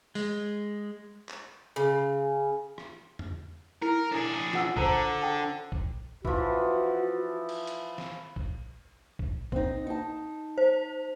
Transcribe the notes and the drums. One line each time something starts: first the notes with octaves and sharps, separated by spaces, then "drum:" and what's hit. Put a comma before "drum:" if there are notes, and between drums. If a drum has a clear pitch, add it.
G#3, drum: open hi-hat
drum: clap
C#3
drum: rim click
drum: tom E2
E4 A#4
D4 G#4
F4 F#5 E6, drum: snare
D3 C5 A5 A#5, drum: kick
G5 A5
drum: kick
E3 F3 F#4, drum: kick
drum: cymbal
drum: hi-hat
drum: snare
drum: kick
drum: kick
C4 D#4, drum: kick
D#4 A5
C5